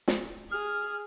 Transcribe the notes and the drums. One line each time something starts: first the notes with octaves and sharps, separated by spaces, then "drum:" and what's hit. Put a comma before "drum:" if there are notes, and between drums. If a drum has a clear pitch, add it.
drum: snare
G#4 F6